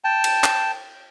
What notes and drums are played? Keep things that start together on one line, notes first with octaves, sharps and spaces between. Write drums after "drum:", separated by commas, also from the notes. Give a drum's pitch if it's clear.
G5 A5
drum: cymbal
drum: clap